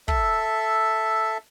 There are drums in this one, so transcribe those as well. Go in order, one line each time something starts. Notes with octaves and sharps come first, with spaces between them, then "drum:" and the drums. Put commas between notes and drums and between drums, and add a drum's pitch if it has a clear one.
A4 E5, drum: kick